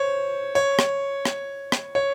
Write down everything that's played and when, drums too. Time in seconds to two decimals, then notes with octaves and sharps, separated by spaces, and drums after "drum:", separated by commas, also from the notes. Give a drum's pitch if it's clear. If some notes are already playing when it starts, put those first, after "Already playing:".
Already playing: C5 C#5
0.55 C#5
0.79 drum: rim click
1.25 drum: rim click
1.72 drum: rim click
1.95 C#5